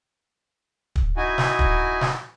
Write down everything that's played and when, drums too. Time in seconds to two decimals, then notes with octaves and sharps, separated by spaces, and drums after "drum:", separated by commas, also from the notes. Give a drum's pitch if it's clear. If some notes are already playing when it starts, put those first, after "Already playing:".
0.96 drum: kick
1.17 D#4 E4 F#4 G#5
1.38 drum: snare
1.59 drum: kick
2.01 drum: snare